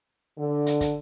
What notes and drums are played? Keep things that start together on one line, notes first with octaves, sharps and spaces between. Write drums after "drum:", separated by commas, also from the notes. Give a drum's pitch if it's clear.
D3
drum: hi-hat
drum: kick, hi-hat